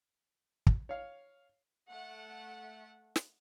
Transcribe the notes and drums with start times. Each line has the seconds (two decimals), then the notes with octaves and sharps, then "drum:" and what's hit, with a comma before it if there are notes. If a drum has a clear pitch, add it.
0.67 drum: kick
0.89 C#5 F5
1.90 A3 F#5
3.16 drum: snare